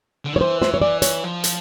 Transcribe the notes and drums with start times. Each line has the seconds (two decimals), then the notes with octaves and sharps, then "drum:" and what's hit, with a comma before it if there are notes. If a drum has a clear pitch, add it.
0.25 D3
0.33 D#3
0.36 C#5
0.41 E3 C5
0.62 C5, drum: snare
0.74 C#5
0.81 E3 D5
1.02 C#5, drum: hi-hat
1.24 F3
1.44 drum: hi-hat